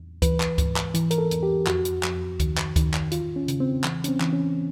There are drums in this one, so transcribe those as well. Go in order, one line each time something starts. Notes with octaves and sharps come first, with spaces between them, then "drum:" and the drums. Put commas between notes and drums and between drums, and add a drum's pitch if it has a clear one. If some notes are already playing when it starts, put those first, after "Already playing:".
Already playing: E2
E3 B4, drum: kick D2, hi-hat
drum: clap
G#2, drum: kick D2, hi-hat
drum: clap
E3, drum: hi-hat
A#4, drum: hi-hat
A4
E2, drum: hi-hat
G4
F2 F#4, drum: clap
drum: hi-hat
F2, drum: clap
D#3, drum: kick D2, hi-hat
drum: clap
D#3, drum: kick D2, hi-hat
drum: clap
E2 F4, drum: hi-hat
C#4
C#3, drum: hi-hat
C4
E3, drum: clap
C#4, drum: hi-hat
C4
E3, drum: clap
C#4